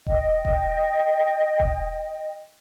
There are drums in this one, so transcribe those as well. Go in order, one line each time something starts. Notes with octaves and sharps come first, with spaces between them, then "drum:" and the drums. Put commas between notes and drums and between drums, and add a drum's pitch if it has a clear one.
D#5 G5, drum: kick E1
drum: kick E1
drum: kick E1